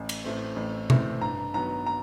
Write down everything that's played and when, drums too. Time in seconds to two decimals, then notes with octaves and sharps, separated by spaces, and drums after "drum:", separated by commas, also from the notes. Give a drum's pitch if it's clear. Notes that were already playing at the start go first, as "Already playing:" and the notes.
Already playing: A1
0.09 drum: cymbal
0.24 A2 E3 A3 C4
0.56 A1
0.90 A2 E3 A3 C4, drum: tom B2
1.21 G2 A#5
1.54 D#3 F#3 B3 A#5
1.86 A#5